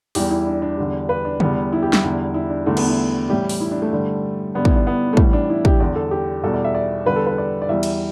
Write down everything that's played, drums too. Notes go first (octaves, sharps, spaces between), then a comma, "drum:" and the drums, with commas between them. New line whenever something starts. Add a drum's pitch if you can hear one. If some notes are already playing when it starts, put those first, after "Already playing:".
E2 E3 G3 G4, drum: open hi-hat
E4
D4
D4
E2 D3 G3
B4
D4
E2 D3 G3 B3, drum: tom
E4
G4
E4, drum: snare
E2 D3 G3
E4
D4
E2 D3 G3 A3
B3, drum: cymbal
E4
A2 E3 G3 G4
drum: open hi-hat
E4
D4
A3
G2 D3 G3
G2 D3 G3 B3
E4, drum: kick
D4
B3
A3
A2 E3 G3 B3, drum: kick
D4
E4
G4, drum: kick
E2 D3 G3 D5
A4
G4
E2 B2 G3 A4
D5
E5
D5
E2 D3 G3 B4
A4
B4
D5
D5
E2 E3 G3 E5
drum: cymbal